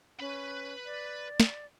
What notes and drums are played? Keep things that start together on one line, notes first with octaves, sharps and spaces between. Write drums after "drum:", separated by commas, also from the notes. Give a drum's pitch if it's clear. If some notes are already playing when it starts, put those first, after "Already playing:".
C#4 B4 B5
D5
drum: snare